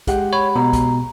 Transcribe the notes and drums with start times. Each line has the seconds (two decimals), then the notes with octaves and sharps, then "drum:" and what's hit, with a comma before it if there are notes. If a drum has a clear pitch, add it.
0.07 G#3 G4 F#5, drum: kick, hi-hat
0.33 C#5 B5
0.56 B2 A#5
0.73 drum: kick, hi-hat